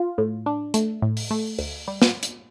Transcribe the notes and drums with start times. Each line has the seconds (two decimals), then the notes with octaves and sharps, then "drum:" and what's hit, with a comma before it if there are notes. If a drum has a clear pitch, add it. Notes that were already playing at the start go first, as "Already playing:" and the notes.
Already playing: F4
0.18 A2
0.46 D4
0.74 A3, drum: hi-hat
1.02 A2
1.17 drum: open hi-hat
1.31 A3
1.59 D2, drum: open hi-hat
1.88 G3
2.02 drum: snare
2.23 drum: hi-hat